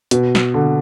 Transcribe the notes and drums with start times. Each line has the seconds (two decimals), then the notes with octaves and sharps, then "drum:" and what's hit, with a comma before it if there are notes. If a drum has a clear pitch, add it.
0.11 B2, drum: hi-hat
0.35 drum: snare
0.54 D3